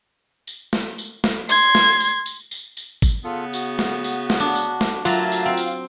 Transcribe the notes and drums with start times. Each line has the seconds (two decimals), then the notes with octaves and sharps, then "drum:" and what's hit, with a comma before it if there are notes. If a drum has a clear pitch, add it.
0.47 drum: tambourine
0.73 drum: snare
0.98 drum: tambourine
1.24 drum: snare
1.49 C6 G#6, drum: tambourine
1.75 drum: snare
2.00 drum: tambourine
2.26 drum: tambourine
2.51 drum: tambourine
2.77 drum: tambourine
3.02 drum: kick G#1, tambourine
3.24 C#3 B3 F4 A4
3.53 F#4, drum: tambourine
3.79 drum: snare
4.04 drum: tambourine
4.30 drum: snare
4.40 D4
4.55 drum: tambourine
4.81 drum: snare
5.05 F#3 A3 A#3 F4 E5 A5 A#5, drum: tambourine
5.32 drum: tambourine
5.46 C4
5.57 drum: tambourine